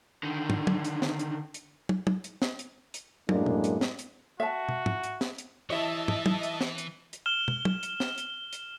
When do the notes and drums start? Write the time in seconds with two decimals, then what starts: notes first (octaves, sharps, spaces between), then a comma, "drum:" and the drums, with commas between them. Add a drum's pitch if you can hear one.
0.23 D3 D#3
0.50 drum: tom
0.67 drum: tom
0.85 drum: hi-hat
1.02 drum: snare
1.19 drum: hi-hat
1.54 drum: hi-hat
1.89 drum: tom
2.07 drum: tom
2.24 drum: hi-hat
2.42 drum: snare
2.59 drum: hi-hat
2.94 drum: hi-hat
3.29 F#2 A2 G#3 A#3 D4, drum: tom
3.46 drum: tom
3.64 drum: hi-hat
3.81 drum: snare
3.99 drum: hi-hat
4.40 F#4 E5 A5
4.69 drum: tom
4.86 drum: tom
5.03 drum: hi-hat
5.21 drum: snare
5.38 drum: hi-hat
5.70 E3 E4 G4 C#5 D#5 E5 A5
6.08 drum: tom
6.26 drum: tom
6.43 drum: hi-hat
6.61 drum: snare
6.78 drum: hi-hat
7.13 drum: hi-hat
7.26 F6 E7 G7
7.48 drum: tom
7.65 drum: tom
7.83 drum: hi-hat
8.00 drum: snare
8.18 drum: hi-hat
8.53 drum: hi-hat